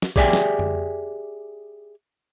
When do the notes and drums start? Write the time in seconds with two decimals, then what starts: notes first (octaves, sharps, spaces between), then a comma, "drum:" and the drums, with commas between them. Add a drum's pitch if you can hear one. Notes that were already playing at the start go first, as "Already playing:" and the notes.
0.02 drum: snare
0.16 G4 G#4 D5 E5 G5 G#5, drum: kick A#1
0.33 drum: snare
0.59 drum: tom F2